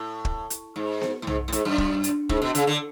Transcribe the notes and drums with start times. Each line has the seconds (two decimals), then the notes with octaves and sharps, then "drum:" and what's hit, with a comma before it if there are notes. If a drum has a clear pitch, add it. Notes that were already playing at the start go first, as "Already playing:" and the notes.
Already playing: A2
0.25 drum: kick
0.50 drum: hi-hat
0.76 G#2
1.01 drum: snare B3
1.22 A2
1.27 G#2, drum: tom
1.48 A2
1.52 G#2, drum: hi-hat
1.65 F#2
1.78 drum: kick
2.04 drum: hi-hat
2.29 G#2, drum: kick
2.42 B2
2.55 C#3, drum: hi-hat
2.67 D3